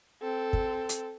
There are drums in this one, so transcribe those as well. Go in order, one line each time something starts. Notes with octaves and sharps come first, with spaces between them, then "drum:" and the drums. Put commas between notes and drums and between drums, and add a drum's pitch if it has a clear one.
C4 A4
drum: kick
drum: hi-hat